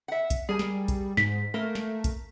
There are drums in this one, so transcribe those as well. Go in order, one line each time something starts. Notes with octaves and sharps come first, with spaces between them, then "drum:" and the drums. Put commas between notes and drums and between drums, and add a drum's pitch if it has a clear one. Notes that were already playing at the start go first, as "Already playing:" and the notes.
E5 F#5
drum: kick A#1, hi-hat
G3 G#4 A#4 G#5
drum: snare
drum: kick A#1, hi-hat
G#2 B6, drum: snare
A3 A#3 A#4
drum: snare
drum: kick A#1, hi-hat